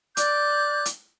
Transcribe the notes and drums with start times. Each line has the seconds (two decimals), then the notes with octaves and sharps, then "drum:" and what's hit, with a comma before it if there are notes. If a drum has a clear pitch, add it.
0.17 D5 D6 F#6 G6, drum: hi-hat
0.85 drum: hi-hat